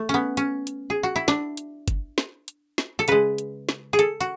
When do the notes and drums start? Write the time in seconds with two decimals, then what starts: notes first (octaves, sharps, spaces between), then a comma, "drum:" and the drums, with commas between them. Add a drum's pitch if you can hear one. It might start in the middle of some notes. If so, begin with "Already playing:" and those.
Already playing: A3
0.09 B3 C#4
0.37 C#4, drum: hi-hat
0.67 drum: hi-hat
0.90 G#4
1.03 F#4
1.16 E4
1.28 D4, drum: snare
1.57 drum: hi-hat
1.88 drum: kick, hi-hat
2.18 drum: snare
2.48 drum: hi-hat
2.78 drum: snare
2.99 A4
3.08 C#3 G#3 B4, drum: hi-hat
3.38 drum: hi-hat
3.69 drum: snare
3.93 G#4
3.99 A4, drum: hi-hat
4.20 F#4